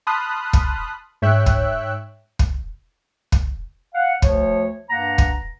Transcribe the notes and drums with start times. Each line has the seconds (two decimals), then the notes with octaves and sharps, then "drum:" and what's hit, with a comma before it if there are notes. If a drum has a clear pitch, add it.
0.07 A5 B5 C6 D#6 F6 F#6
0.53 drum: kick
1.22 G#2 C#5 E5 G5 E6 F#6
1.46 drum: kick
2.39 drum: kick
3.32 drum: kick
3.94 F5 F#5
4.22 D2 F3 C#5, drum: kick
4.90 G2 A#3 F#5 A#5
5.18 drum: kick